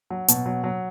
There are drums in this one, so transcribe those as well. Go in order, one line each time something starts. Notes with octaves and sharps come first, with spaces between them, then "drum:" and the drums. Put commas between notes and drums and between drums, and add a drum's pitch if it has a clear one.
F#3
B2, drum: hi-hat
F#3
F#3